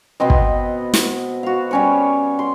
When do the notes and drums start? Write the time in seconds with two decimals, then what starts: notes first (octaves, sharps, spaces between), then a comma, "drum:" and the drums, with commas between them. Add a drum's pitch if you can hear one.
0.20 B2 B3 C4 D#5
0.30 drum: kick
0.94 drum: snare
1.43 F#4 F5
1.71 G3 C#4 C#5
2.39 C6